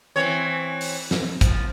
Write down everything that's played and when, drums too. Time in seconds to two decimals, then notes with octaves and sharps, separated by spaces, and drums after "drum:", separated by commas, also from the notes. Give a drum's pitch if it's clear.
0.16 E3 C4 C#5
0.81 drum: open hi-hat
1.11 drum: snare
1.41 F3, drum: kick, hi-hat